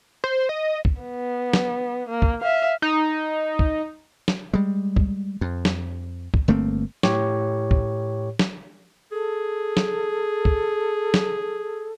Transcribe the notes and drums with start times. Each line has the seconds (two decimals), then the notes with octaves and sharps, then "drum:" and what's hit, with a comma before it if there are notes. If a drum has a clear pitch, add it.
0.24 C5
0.49 D#5
0.85 drum: kick
1.02 B3
1.54 drum: snare
2.09 A#3
2.22 drum: kick
2.42 E5 F5
2.82 D#4
3.59 drum: kick
4.28 drum: snare
4.53 G3 G#3
4.96 drum: kick
5.41 F2
5.65 drum: snare
6.34 drum: kick
6.48 G1 A3 A#3 C4
7.03 A2 G4 C#5, drum: snare
7.71 drum: kick
8.39 drum: snare
9.12 G#4 A4
9.77 drum: snare
10.45 drum: kick
11.14 drum: snare